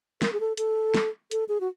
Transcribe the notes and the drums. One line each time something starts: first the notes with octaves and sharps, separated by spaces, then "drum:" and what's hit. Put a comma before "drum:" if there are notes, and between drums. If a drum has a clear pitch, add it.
A#4, drum: snare
G#4
A4
A4, drum: hi-hat
drum: snare
A4, drum: hi-hat
G#4
F#4